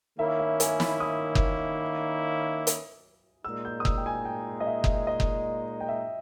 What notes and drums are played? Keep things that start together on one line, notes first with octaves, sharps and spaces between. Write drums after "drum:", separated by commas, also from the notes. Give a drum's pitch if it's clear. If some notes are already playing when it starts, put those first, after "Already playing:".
D#3 A#3 C#4 E4 E5
E5
G#5, drum: hi-hat
B5, drum: snare
D#6
drum: kick F#1
drum: hi-hat
A#2 G#3 D#4 E6
G6
D#6
E6, drum: kick F#1
G5
G#5
G5
D#5
E5
drum: kick F#1
D#5
drum: kick F#1
G5
E5